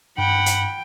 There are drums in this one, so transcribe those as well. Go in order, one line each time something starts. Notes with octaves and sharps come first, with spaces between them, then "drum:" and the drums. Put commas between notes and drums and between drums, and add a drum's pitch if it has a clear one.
G2 F#5 G5 B5
drum: hi-hat